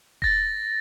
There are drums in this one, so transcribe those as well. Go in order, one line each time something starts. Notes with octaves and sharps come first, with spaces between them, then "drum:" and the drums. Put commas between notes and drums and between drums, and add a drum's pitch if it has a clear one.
A6 A#6, drum: kick E1